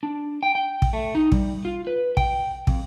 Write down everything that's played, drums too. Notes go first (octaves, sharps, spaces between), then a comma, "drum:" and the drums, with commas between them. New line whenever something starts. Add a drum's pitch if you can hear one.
D4
G5
G5
drum: kick
A3
D#4
G3, drum: kick
F4
B4
G5, drum: kick
F2, drum: kick